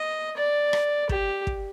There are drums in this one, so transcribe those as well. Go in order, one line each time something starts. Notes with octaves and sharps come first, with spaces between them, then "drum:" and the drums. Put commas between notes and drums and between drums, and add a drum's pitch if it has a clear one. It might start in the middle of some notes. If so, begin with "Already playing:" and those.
Already playing: D#5
D5
drum: rim click
G4, drum: kick
drum: kick